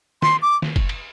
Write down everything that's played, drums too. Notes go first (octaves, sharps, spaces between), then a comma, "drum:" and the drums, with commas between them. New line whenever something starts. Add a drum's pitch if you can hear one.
C6, drum: snare
D6
drum: snare
drum: kick F#1, cymbal
drum: cymbal